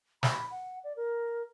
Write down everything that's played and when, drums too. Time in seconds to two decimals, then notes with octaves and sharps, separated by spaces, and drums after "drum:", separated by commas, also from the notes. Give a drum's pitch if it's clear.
0.23 B5, drum: snare
0.51 F#5
0.84 D5
0.97 A#4